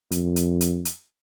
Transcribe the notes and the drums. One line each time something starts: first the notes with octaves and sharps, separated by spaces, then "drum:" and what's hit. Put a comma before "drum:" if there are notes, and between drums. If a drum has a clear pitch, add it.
F2, drum: hi-hat
drum: hi-hat
drum: hi-hat
drum: hi-hat